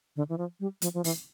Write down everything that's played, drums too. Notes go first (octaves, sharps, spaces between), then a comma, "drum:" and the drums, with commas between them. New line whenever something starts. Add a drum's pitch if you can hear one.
D3
E3
F3
G3
F3, drum: hi-hat
F3
E3, drum: open hi-hat